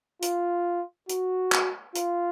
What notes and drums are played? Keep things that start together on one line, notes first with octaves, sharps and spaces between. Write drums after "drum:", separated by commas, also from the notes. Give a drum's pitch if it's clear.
F4, drum: hi-hat
F#4, drum: hi-hat
drum: clap
F4, drum: hi-hat